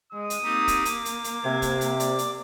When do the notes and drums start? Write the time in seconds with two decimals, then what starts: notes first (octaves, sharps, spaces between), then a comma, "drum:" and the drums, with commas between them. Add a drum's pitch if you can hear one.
0.13 G#3 D#6
0.30 drum: hi-hat
0.44 A#3 C4 D#4 G4
0.68 drum: kick, hi-hat
0.85 D6, drum: hi-hat
1.05 drum: hi-hat
1.24 drum: hi-hat
1.44 C3 G#6
1.62 drum: kick, hi-hat
1.81 drum: hi-hat
2.00 D5, drum: hi-hat
2.19 drum: hi-hat